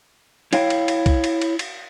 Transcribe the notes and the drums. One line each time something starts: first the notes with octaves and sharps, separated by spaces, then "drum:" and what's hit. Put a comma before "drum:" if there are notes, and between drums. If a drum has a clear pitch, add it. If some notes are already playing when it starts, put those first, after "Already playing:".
E4 C#5 F5 G5, drum: cymbal
drum: cymbal
drum: cymbal
drum: kick, cymbal
drum: cymbal
drum: cymbal
drum: cymbal